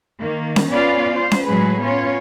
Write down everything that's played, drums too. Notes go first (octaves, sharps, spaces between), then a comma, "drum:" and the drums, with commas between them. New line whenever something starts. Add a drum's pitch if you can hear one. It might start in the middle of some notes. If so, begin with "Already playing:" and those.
D#3 A#3
drum: snare C#4
B3 C#4 F4 B4 D5 F5
C5
drum: snare C#4
A2 F#3 G#3 G#4 B4
B3 C#4 F4 C#5